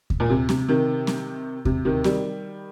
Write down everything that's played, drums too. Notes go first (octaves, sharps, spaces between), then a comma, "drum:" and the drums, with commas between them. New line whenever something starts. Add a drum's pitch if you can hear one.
drum: kick D#2
A#2
C3
C3, drum: snare C4
C3 D#3
drum: snare C4
C3, drum: kick D#2
C3 D#3
D#3 G3, drum: snare C4